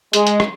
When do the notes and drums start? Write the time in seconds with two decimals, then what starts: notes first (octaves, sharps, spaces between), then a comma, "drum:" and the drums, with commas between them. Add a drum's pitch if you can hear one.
0.13 G#3, drum: hi-hat
0.27 drum: hi-hat
0.40 drum: rim click